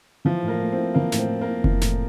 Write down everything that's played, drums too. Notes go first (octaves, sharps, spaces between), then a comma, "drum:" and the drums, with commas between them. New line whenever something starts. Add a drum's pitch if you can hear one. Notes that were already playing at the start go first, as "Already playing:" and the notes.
E3 F3
A2
A#3
A3
C4
E4
E3 A#3
A2, drum: snare
C4
A3
A#3
E4
E3, drum: kick F1
A2, drum: snare